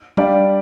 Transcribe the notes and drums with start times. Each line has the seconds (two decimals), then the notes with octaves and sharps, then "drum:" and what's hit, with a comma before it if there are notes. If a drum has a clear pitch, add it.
0.17 G3 D4 G4 D5 F5, drum: tom G3